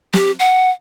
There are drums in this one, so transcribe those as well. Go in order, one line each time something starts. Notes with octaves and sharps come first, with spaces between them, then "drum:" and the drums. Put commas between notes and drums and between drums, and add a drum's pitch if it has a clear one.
G4, drum: snare
F#5